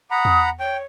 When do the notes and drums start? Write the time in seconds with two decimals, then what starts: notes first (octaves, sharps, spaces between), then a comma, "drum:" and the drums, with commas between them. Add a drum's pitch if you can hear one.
0.11 F#5 A#5 B5 D#6
0.25 drum: tom E2
0.60 C#5 G5